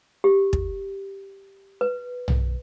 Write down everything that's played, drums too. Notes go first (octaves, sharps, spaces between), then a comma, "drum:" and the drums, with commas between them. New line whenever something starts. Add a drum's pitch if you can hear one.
G4
drum: kick
B4
drum: tom B1